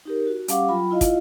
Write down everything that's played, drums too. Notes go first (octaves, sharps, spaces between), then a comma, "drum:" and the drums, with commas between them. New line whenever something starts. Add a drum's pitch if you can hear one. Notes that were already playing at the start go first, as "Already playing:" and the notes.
D#4 G4 A#4
F#4
G3 C#4 G4 F5 F#5 D6, drum: hi-hat
F#3 F4 G5 B5
E4 F4 D#5 F5
drum: kick, hi-hat